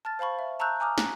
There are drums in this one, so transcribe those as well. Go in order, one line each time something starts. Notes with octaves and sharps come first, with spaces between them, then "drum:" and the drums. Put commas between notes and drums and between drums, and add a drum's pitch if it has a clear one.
A5 F6 A6
C5 F5 A5 B5 C#6
E5
A5 A#5 C#6 E6 F#6 G6
G#5 A#5 D6 D#6 F6
F#6, drum: snare